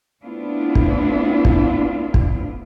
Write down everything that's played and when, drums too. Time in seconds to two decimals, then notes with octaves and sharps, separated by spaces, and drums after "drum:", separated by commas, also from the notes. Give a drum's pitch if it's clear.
0.23 A3 B3 C4 D4 E4 F4
0.75 drum: kick
1.45 drum: kick
2.14 drum: kick